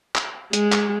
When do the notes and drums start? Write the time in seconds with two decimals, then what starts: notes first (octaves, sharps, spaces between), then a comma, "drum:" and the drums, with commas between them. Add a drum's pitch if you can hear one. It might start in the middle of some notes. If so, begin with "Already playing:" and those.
0.16 drum: clap
0.53 G#3, drum: hi-hat
0.72 drum: clap